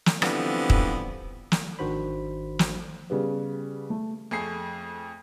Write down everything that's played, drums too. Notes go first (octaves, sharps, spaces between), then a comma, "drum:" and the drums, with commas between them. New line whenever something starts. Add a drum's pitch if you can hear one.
drum: snare
D3 E3 F3 G3 B3 C4, drum: rim click
drum: kick
drum: snare
G#1 D#3 D4 F#4 C5 B5
drum: snare
C#3 G3 B3
A3
F2 A3 G#4 C7